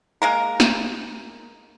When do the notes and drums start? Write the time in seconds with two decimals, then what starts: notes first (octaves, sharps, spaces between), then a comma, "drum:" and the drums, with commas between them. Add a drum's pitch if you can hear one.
0.22 G#3 A#3 A#4
0.60 drum: snare